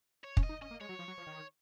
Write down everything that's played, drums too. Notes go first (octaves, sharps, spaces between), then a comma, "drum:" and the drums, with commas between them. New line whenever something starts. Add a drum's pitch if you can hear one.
C#5
C#4, drum: kick
D#5
D#4
C#4 D#5
A#3
G#3 C#5
F#3
F3
F#3
F3
D#3